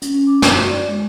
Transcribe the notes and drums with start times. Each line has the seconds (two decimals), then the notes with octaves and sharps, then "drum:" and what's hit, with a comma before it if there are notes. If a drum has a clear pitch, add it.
0.02 C#4, drum: hi-hat
0.14 C#4
0.27 D6
0.42 drum: snare
0.52 F#4
0.67 D5
0.88 G#3